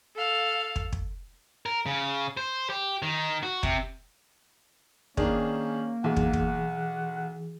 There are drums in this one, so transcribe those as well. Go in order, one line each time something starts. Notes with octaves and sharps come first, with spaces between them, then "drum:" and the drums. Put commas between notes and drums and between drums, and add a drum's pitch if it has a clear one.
A4 F5
drum: kick
drum: kick
A#4
C#3
C5
G4
D#3
F#4
C3, drum: kick
D#3 A#3 C#4 D4 G#4, drum: kick
B1 E3 G#4 F#5
drum: kick
drum: kick